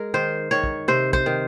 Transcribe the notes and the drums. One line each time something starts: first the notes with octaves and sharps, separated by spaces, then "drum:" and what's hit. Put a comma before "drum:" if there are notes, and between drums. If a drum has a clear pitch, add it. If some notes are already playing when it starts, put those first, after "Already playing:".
Already playing: G#3 A#4
D#3 C5
D#3 C#5
drum: kick
C3 C5
C5, drum: kick
D#3